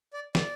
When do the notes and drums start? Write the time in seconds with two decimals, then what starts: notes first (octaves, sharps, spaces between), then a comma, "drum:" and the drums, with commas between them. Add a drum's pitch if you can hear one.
0.13 D5
0.35 D5, drum: snare